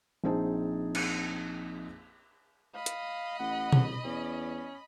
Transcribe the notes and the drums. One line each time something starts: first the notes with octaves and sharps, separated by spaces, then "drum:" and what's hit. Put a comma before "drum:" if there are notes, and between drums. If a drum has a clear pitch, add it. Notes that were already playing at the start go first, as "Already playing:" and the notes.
A#1 C4 D#4 G#4 C5 A5
drum: cymbal
D#5 F5 B5
drum: hi-hat
A1 F#5
C2, drum: tom B2
E2 C#4